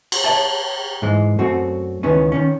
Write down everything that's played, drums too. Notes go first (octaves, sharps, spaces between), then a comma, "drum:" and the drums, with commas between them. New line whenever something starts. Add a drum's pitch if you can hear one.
drum: cymbal
C#5 E5 A5
G#2 E3 G#3
F#2 A3 C4 F#4
C#2 D#3 E3 B3 C#4
D#3 C#4